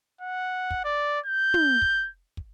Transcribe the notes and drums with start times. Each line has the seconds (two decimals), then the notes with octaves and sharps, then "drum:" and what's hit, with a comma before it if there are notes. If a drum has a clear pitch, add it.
0.21 F#5
0.71 drum: kick
0.84 D5
1.26 G6
1.54 drum: tom
1.82 drum: kick
2.37 drum: kick